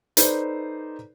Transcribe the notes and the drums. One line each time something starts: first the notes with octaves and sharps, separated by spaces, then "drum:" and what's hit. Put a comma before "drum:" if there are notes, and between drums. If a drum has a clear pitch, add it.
D#4 A4 B4 C5 D5, drum: hi-hat